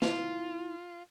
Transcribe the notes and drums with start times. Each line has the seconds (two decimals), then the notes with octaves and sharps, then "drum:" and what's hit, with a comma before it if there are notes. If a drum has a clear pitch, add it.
0.02 E4 F4, drum: snare